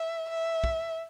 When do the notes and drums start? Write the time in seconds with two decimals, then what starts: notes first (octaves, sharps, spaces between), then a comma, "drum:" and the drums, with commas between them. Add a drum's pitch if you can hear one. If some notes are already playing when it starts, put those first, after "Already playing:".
Already playing: E5
0.30 E5
0.64 drum: kick